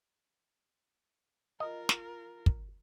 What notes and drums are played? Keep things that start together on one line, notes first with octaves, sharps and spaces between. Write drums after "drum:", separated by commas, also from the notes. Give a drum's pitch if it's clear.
F4 A#4 D#5
drum: snare
drum: kick